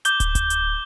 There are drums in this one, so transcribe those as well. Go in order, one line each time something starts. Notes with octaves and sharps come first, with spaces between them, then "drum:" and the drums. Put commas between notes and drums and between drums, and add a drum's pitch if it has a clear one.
D6 G6 G7, drum: hi-hat
drum: kick, hi-hat
drum: kick, hi-hat
drum: hi-hat